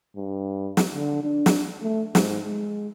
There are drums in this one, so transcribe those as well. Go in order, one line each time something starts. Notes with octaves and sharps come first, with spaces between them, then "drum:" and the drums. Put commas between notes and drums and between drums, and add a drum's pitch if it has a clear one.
G2
drum: snare
D3
D4
drum: snare
A3
G#2, drum: snare
G#3